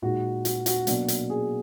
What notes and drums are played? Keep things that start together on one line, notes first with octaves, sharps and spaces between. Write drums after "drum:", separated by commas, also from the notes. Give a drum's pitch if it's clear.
A#2 G#3 D#4 F#4
F#4, drum: hi-hat
F#4, drum: hi-hat
B2 F#3 A#3 D4, drum: hi-hat
drum: hi-hat
G#4